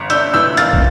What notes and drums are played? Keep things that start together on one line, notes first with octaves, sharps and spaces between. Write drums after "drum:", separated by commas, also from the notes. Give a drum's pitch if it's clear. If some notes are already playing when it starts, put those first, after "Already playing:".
Already playing: G1
D4 E6 G6, drum: hi-hat
E3 E6 G6
A#3 F6 A6, drum: hi-hat
drum: kick